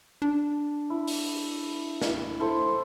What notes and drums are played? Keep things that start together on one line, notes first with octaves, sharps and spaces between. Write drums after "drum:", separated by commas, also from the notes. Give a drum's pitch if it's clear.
D4
E4
drum: open hi-hat
drum: snare
E4 A4 C5